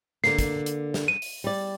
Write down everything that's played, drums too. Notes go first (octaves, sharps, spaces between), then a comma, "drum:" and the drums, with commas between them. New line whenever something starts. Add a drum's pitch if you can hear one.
D3 A#3 C7, drum: snare
drum: kick, hi-hat
drum: hi-hat
drum: snare
D#7
drum: open hi-hat
G3 D5